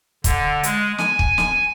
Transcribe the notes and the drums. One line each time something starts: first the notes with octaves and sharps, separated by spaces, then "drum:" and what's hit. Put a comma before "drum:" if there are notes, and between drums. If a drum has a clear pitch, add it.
D3, drum: kick, hi-hat
G#3, drum: hi-hat
G#5, drum: snare
drum: kick
drum: snare